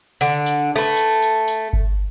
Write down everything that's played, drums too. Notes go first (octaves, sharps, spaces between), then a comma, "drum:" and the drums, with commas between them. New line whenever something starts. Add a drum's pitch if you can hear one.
D3, drum: tambourine
drum: tambourine
A3 B4
drum: tambourine
drum: tambourine
drum: tambourine
drum: kick G1